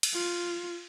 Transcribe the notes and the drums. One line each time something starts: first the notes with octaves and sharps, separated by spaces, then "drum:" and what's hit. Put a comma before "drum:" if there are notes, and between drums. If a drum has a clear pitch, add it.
drum: cymbal
F4